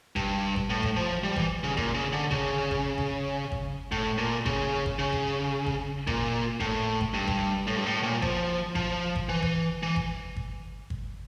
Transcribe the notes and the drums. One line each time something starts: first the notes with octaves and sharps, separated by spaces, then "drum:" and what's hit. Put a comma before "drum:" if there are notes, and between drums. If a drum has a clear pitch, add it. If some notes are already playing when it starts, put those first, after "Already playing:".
G2, drum: kick G1
drum: kick G1
A2
drum: kick G1
F3
G3
E3, drum: kick G1
C#3
A#2, drum: kick G1
C#3
D3
C#3, drum: kick G1
drum: kick G1
drum: kick G1
drum: kick G1
A2, drum: kick G1
A#2
C#3, drum: kick G1
drum: kick G1
C#3
drum: kick G1
drum: kick G1
A#2, drum: kick G1
A2, drum: kick G1
drum: kick G1
G2
drum: kick G1
A2
G2
A2
A#2
F3, drum: kick G1
F3, drum: kick G1
drum: kick G1
E3
drum: kick G1
E3
drum: kick G1
drum: kick G1
drum: kick G1